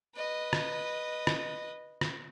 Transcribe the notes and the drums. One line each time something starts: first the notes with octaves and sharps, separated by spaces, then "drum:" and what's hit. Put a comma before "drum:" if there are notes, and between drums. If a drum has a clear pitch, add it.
B4 D#5
drum: rim click
drum: rim click
drum: rim click